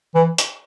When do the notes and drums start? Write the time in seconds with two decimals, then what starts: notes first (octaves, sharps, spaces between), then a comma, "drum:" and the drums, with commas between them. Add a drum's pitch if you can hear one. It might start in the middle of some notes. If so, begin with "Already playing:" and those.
0.15 E3
0.38 drum: hi-hat